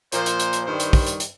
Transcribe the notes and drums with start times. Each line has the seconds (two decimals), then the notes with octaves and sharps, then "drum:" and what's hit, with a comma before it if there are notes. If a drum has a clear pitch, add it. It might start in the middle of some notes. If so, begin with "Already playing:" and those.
0.12 A#2 F3 C5, drum: hi-hat
0.26 drum: hi-hat
0.40 drum: hi-hat
0.53 drum: hi-hat
0.66 G2 D#3 G3 C5
0.80 drum: hi-hat
0.93 drum: kick, open hi-hat
1.07 drum: hi-hat
1.20 drum: hi-hat